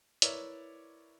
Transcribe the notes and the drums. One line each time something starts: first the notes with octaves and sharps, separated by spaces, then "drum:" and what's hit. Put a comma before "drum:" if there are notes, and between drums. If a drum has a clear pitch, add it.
E4 A#4 B4 C#5 D5 E5, drum: hi-hat